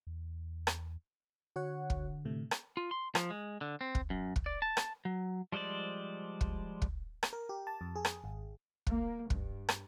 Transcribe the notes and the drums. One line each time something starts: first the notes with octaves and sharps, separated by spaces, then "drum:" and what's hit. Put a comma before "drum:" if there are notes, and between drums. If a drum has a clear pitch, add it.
E2
drum: rim click
D3 F#4 C#5 F#5
drum: kick
A2 C3 A3
drum: rim click
F4
C6
F3, drum: rim click
G#3
D3
C4
drum: kick
F#2
drum: kick
D5
A5
drum: rim click
F#3
F3 G3 G#3 C5 D5
drum: kick
drum: kick
drum: rim click
A#4
G4
A5
F2
G#4
drum: rim click
G#1
A#3, drum: kick
G2, drum: kick
drum: rim click